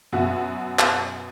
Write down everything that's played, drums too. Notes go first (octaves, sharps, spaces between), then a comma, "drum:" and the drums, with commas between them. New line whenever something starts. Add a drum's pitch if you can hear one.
F#2 B2 F#4 E5 F#5
drum: clap